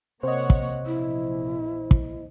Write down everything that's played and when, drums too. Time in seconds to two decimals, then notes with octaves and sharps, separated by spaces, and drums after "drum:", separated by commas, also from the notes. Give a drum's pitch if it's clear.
0.23 C3 A#3 C5 C#5 D#5 F#5
0.50 drum: kick
0.86 A#1 E2 E4
1.91 drum: kick